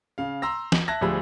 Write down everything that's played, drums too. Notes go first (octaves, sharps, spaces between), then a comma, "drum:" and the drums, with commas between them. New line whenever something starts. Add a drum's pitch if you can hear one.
C#3 F5
A#5 C6 E6 A#6
F#7, drum: snare
E5 A5 F#6 G#6 A#6
D2 F3 G3 G#4 B5 E6